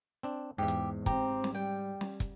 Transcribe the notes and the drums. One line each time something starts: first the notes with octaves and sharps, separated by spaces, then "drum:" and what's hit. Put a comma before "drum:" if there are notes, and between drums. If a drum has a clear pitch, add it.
C4 D4
E2 G#2 G4 E5
drum: hi-hat
C4 G4 A#5, drum: kick, hi-hat
drum: snare
G3 G5
drum: snare
drum: kick, hi-hat